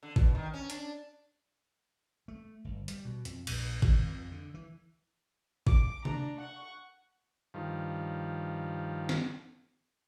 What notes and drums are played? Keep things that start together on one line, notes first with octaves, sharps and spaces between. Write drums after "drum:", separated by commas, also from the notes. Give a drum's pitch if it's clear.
D3
B2, drum: kick G#1
D#3
C#4
D4, drum: hi-hat
A3
G1
G3, drum: hi-hat
B2
F2, drum: hi-hat
A#1, drum: cymbal
G#1, drum: kick G#1
F2
D3
E3
D6, drum: kick G#1
D4 A#5, drum: tom C3
F#5 C#6
G2 D#3 F3
drum: snare